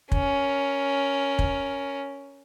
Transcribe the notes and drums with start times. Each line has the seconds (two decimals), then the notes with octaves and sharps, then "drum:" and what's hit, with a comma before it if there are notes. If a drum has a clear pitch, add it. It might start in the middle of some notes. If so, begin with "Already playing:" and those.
0.12 C#4 A#4, drum: kick
1.39 drum: kick